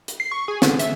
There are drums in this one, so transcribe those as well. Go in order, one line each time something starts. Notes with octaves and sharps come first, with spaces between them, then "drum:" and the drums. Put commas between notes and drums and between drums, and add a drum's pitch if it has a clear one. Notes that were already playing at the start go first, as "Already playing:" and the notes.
drum: hi-hat
C7
C#6
G#4
D3, drum: snare
E5, drum: hi-hat